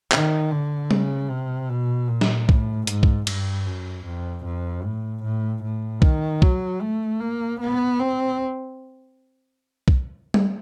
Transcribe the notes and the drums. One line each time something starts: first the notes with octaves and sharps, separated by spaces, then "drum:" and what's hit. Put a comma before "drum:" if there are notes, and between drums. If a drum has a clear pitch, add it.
D#3, drum: clap
D3
C#3, drum: tom G3
C3
B2
A#2
drum: snare
A2, drum: kick B1
G#2, drum: hi-hat
drum: kick B1
G2, drum: cymbal
F#2
F2
F2
A2
A2
A2
D#3, drum: kick B1
F#3, drum: kick B1
A3
A#3
B3
C4
drum: kick B1
drum: tom G3